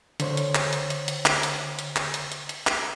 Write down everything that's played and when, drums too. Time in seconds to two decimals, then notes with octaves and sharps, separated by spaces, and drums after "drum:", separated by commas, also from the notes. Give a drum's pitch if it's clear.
0.20 D3 C5 C#5, drum: hi-hat
0.37 drum: hi-hat
0.55 drum: clap
0.73 drum: hi-hat
0.90 drum: hi-hat
1.08 drum: hi-hat
1.26 drum: clap
1.43 drum: hi-hat
1.79 drum: hi-hat
1.96 drum: clap
2.14 drum: hi-hat
2.32 drum: hi-hat
2.49 drum: hi-hat
2.67 drum: clap